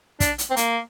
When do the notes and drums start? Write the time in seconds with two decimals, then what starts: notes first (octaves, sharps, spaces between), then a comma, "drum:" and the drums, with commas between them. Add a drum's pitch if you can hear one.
0.20 D4, drum: kick, hi-hat
0.38 drum: hi-hat
0.50 C4
0.57 A#3, drum: hi-hat